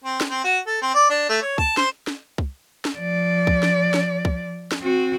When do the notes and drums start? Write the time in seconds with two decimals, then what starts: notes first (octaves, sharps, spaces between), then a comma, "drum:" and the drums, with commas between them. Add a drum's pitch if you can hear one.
0.04 C4
0.21 drum: snare
0.30 C4
0.44 F#4
0.67 A4
0.82 C4
0.94 D5
1.10 D4
1.29 A3
1.42 C#5
1.58 A5, drum: kick
1.77 C5, drum: snare
2.07 drum: snare
2.38 drum: kick
2.85 drum: snare
2.97 F3 D5
3.47 drum: kick
3.63 drum: snare
3.94 drum: snare
4.25 drum: kick
4.72 drum: snare
4.82 C4 F#4